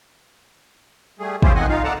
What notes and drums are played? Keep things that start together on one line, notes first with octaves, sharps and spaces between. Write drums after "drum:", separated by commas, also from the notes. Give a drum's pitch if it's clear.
G3 A3 G#4
C#4 E4 F4 G4 G#4 C5, drum: kick
D#3 F3 C4 D#5 F#5 G#5
D#4 F4 F5
A4 D5 F#5 A5 A#5